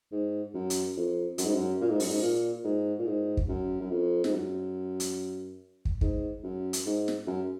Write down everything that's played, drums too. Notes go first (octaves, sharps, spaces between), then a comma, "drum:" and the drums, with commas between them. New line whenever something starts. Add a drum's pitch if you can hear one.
G#2
F#2
drum: hi-hat
F2
F#2, drum: hi-hat
G#2
F#2
A#2
G#2
F#2, drum: open hi-hat
G#2
A#2
G#2
A#2
G#2
drum: kick
F#2
F#2
F2
G#2, drum: snare
F#2
drum: hi-hat
drum: kick
G#2, drum: kick
F#2
drum: hi-hat
G#2
drum: snare
F#2